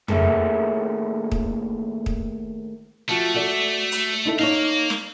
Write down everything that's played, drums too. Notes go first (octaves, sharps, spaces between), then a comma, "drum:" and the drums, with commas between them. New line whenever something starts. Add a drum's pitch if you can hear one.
D#2 A2 A#3 G#4 A4 E5, drum: tom F2
drum: kick
drum: kick
F3 A3 F#4
F#4 A4 D5
drum: hi-hat
D#4 E4 A4
D#4 A#4 C#5 F5
drum: snare